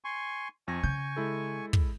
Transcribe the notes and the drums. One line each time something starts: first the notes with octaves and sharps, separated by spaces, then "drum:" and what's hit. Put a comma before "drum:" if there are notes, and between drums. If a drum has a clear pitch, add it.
G#5 C6 C#6
F2 G#5 C#6 A#6
C#3 G6
G#3 E4 A4
drum: kick